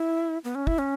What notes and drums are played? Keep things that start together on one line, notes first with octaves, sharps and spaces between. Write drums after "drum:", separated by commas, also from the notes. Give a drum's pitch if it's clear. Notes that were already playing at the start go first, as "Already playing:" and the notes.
Already playing: E4
B3
C#4
E4, drum: kick
C#4